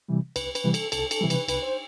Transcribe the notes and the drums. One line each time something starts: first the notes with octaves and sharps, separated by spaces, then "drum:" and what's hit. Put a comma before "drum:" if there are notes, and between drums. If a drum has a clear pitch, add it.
C3 E3 G3
C2 B4, drum: cymbal
B4, drum: cymbal
C3 E3 G3
A4, drum: cymbal
C2 A4, drum: cymbal
A4, drum: cymbal
C3 E3 G3
B4, drum: cymbal
C2 B4, drum: cymbal
C5